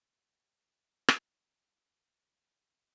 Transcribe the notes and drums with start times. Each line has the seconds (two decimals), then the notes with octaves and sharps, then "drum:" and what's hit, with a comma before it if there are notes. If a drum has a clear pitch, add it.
0.43 F#3 G4
1.08 drum: rim click